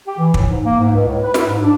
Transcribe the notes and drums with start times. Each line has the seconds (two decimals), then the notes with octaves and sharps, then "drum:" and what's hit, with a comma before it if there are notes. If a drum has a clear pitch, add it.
0.06 G4
0.18 E3
0.34 A2, drum: kick
0.48 G#2
0.64 A#3
0.78 G#2
0.92 C#2
1.06 A2
1.23 B4
1.34 E4, drum: snare
1.48 G#2
1.62 D4